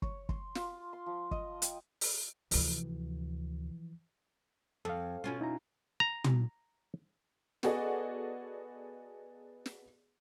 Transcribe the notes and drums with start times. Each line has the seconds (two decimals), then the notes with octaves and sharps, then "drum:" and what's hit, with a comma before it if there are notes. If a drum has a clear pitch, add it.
0.02 C#5, drum: kick
0.29 C6, drum: kick
0.55 F4, drum: snare
0.93 C6
1.06 F3
1.31 D#5, drum: kick
1.62 G5, drum: hi-hat
2.01 drum: open hi-hat
2.51 D2 C3 E3 F3, drum: open hi-hat
4.85 F2 A4 F5
5.24 B2 C#4 F4
5.41 D#4 E4 A#5
6.00 A#5
6.24 drum: tom
7.63 B3 F#4 G#4 A4 D5 D#5, drum: snare
9.66 drum: snare